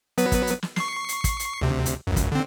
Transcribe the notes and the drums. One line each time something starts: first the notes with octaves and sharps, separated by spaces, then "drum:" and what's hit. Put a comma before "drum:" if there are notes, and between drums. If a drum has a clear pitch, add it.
F#3 B3 B4, drum: hi-hat
drum: kick, hi-hat
drum: hi-hat
drum: snare
C#6 C7, drum: snare
drum: hi-hat
drum: kick, hi-hat
drum: hi-hat
D2 C3
drum: hi-hat
C#2 F#2
drum: kick, hi-hat
D3 C4